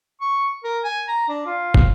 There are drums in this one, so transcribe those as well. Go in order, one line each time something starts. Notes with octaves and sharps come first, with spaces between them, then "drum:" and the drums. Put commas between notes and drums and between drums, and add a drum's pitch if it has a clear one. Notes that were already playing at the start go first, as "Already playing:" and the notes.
C#6
A#4
G#5
A#5
D4
F4
drum: kick